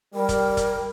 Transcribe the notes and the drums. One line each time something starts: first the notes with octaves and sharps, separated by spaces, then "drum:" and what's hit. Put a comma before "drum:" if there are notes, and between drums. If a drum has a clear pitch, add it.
G3 A#4
drum: kick, hi-hat
drum: kick, hi-hat